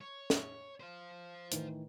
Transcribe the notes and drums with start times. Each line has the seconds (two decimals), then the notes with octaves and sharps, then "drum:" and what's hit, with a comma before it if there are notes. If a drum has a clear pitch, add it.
0.01 C#5
0.30 drum: snare
0.80 C5 F5
1.51 A2 D#3 E3, drum: hi-hat